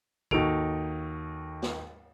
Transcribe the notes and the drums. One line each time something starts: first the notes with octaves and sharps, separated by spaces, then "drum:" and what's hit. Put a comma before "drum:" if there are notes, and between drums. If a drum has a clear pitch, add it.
D#2 D#4 F#4 A4 D7 F7, drum: kick
drum: snare